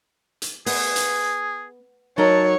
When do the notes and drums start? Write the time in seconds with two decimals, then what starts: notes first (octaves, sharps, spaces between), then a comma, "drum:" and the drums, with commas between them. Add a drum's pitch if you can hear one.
0.42 drum: hi-hat
0.66 B3 G#4, drum: open hi-hat
0.96 drum: hi-hat
2.18 F#3 D#4 A#4 C#5 A5